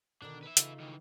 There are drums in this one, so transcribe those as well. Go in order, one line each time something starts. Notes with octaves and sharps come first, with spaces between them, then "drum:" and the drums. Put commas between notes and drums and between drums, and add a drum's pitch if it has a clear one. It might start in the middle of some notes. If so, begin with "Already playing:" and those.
B2 D3 D#3 D4
B4 E5
C#3 A3 D#4 F4, drum: hi-hat
D#3 E3